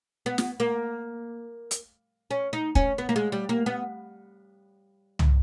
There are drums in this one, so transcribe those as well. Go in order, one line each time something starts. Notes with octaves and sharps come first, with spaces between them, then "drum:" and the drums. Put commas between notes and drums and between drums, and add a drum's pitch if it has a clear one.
B3
drum: snare
A#3
drum: hi-hat
C#4
D#4
C#4, drum: kick
B3
A#3
G#3
G3
A#3
B3
drum: tom